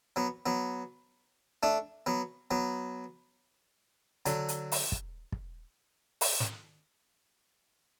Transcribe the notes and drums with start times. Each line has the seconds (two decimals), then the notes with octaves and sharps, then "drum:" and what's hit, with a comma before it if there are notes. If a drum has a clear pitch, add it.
0.16 F#3 B3
0.46 F#3 B3
1.63 A3 D4
2.06 F#3 B3
2.51 F#3 B3
4.26 D3 F#3, drum: hi-hat
4.48 drum: hi-hat
4.72 drum: open hi-hat
4.92 drum: kick
5.32 drum: kick
6.21 drum: open hi-hat
6.40 drum: snare